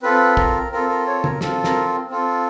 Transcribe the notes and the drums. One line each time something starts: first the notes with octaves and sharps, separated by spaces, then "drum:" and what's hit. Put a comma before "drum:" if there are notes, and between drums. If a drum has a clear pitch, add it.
C4 F4 A4 B4
A#4, drum: kick
C4 F4 A4 A#4
A#4
C#5
A#4, drum: tom
C4 F4 A4, drum: snare
A#4, drum: snare
C4 F4 A4